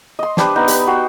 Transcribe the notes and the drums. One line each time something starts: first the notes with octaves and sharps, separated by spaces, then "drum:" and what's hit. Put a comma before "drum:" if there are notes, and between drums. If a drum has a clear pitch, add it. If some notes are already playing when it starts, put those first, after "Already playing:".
D#5 C6
D4 G4 B4 C5, drum: snare
B3 D#4
G4 B4, drum: hi-hat
F#4 G5 C6